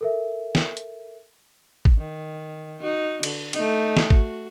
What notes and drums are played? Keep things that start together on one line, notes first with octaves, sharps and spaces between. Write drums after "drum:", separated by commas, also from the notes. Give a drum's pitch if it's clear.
A4 A#4 E5
drum: snare
drum: hi-hat
drum: kick
D#3
D#4 F#4
D3, drum: cymbal
A3 D#4, drum: cymbal
drum: snare
F#4, drum: kick